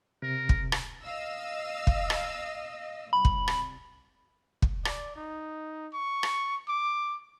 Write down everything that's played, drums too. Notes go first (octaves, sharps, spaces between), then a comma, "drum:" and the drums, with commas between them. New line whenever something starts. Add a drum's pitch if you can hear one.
C3 A#4
drum: kick
drum: rim click
D#5 F5 E6
drum: kick
drum: rim click
C2 B5
drum: kick
drum: rim click
drum: kick
D5, drum: rim click
D#4
C#6
drum: rim click
D6